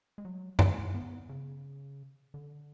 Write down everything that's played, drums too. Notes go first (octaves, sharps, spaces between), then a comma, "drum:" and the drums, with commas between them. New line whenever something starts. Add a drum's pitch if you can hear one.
G#3
F#3
G#3, drum: tom
B3
C#3
D3